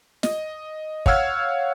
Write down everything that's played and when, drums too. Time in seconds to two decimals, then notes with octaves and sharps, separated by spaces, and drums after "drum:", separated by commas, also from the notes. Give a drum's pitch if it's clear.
0.23 D#5, drum: snare
1.06 C#5 F5 F#5 E6 F6 G#6, drum: kick